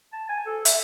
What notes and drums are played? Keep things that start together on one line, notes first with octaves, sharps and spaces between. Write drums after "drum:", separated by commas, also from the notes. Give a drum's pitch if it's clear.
A5
G#5
A4
E5, drum: hi-hat